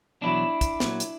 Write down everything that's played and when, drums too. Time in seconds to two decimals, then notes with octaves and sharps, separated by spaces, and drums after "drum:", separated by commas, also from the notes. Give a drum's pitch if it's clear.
0.22 E2 B2 F#3 D4 E4
0.61 drum: kick, hi-hat
0.80 A#2 F#3, drum: snare
1.00 drum: hi-hat